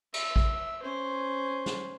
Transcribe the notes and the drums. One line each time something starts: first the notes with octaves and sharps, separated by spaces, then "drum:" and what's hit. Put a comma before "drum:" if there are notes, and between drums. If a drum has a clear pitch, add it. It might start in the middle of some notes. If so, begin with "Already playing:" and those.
E5, drum: cymbal
drum: kick A1
C#4 C5
drum: snare